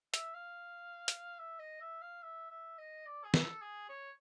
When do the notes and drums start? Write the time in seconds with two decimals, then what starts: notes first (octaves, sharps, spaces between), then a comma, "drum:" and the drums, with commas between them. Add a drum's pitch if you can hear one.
0.14 E5, drum: hi-hat
0.34 F5
1.08 drum: hi-hat
1.39 E5
1.60 D#5
1.81 E5
2.02 F5
2.23 E5
2.51 E5
2.78 D#5
3.06 D5
3.24 G#4
3.34 A4, drum: snare
3.62 G#4
3.89 C#5